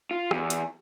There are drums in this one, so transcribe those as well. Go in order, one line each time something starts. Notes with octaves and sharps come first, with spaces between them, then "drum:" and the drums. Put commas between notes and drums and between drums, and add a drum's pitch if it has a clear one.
F4
E2, drum: rim click
drum: hi-hat